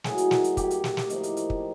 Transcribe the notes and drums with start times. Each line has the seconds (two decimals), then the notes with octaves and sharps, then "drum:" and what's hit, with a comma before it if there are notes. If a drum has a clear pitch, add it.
0.04 A2 F#3 A#3 D#4 G#4, drum: snare
0.18 drum: hi-hat
0.31 drum: snare
0.44 drum: hi-hat
0.57 G4, drum: kick, hi-hat
0.71 drum: hi-hat
0.84 drum: snare
0.97 drum: snare
1.10 A2 F3 A#3 D#4, drum: hi-hat
1.23 drum: hi-hat
1.37 drum: hi-hat
1.50 drum: kick